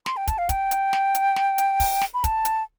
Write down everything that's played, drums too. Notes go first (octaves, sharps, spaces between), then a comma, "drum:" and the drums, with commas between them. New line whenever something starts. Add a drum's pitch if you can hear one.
C6, drum: snare
G5
A5, drum: kick, hi-hat
F5
G5, drum: kick, hi-hat
drum: hi-hat
drum: snare
drum: hi-hat
drum: snare
drum: hi-hat
drum: kick, open hi-hat
drum: snare
B5
A5, drum: kick, hi-hat
drum: hi-hat